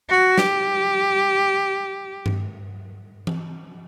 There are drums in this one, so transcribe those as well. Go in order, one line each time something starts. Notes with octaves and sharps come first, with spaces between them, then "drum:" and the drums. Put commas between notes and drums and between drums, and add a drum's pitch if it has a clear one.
F#4
G4, drum: snare
drum: tom G2
drum: tom E3